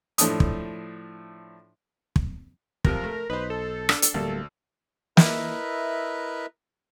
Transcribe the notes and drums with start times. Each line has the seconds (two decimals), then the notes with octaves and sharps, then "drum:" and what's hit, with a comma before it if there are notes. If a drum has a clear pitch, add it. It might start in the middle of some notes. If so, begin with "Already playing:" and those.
0.18 A2 F3 A3 D4 D#6, drum: hi-hat
0.40 drum: kick
2.16 drum: kick
2.85 C3 F3 F4 A#4, drum: kick
3.03 A3
3.30 B1 D#4 B4 C5
3.50 A4
3.89 D4, drum: rim click
4.02 drum: hi-hat
4.14 D1 D2 G3 A#3
5.17 E4 A#4 B4 D#5 E5, drum: snare